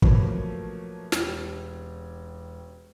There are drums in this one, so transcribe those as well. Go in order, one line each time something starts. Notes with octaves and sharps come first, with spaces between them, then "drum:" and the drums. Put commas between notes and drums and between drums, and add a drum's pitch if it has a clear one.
F3 F#3 A3 A#3 C#4 B4, drum: kick
E1 C#4 G4, drum: snare